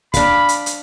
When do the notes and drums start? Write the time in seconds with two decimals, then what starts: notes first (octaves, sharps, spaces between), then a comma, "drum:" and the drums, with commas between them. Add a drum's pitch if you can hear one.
0.14 D4 F5 B5, drum: kick, hi-hat
0.49 drum: hi-hat
0.66 drum: hi-hat